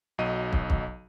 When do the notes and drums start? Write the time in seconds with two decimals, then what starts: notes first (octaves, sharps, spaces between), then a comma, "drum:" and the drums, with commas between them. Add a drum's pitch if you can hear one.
0.18 B1 F#3 D#5 D#7
0.53 drum: kick
0.70 drum: kick